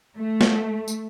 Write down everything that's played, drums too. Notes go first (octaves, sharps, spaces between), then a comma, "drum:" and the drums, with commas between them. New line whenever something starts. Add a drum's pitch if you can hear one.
A3
drum: snare
drum: tambourine